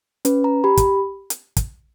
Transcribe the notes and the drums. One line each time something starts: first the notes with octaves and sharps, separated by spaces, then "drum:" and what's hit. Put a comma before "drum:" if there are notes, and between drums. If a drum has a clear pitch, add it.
C#4 B4, drum: hi-hat
A#5
G4 B5
drum: kick, hi-hat
drum: hi-hat
drum: kick, hi-hat